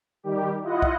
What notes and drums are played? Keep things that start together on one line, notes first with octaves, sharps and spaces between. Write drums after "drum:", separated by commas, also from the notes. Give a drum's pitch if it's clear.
D#3 G3 G4
E4 F4 D#5 F#5
drum: kick